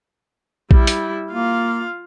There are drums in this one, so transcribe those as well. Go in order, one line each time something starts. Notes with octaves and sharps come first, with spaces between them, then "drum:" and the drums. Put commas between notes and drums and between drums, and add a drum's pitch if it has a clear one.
G3 E4, drum: kick
drum: hi-hat
A#3 F4 F5